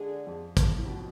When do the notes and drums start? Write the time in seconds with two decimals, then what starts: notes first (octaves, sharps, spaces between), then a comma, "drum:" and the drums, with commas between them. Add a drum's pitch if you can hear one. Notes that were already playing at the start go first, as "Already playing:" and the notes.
Already playing: D3 G#3 D4 G#4
0.27 F2
0.57 F2, drum: kick, hi-hat
0.77 A2
0.86 B2